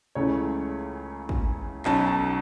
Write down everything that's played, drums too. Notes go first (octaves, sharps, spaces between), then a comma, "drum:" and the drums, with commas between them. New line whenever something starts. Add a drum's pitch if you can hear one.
C#2 C#3 E3 A3 C#5
drum: kick
B1 B2 F#3 C#4 A5, drum: clap
A5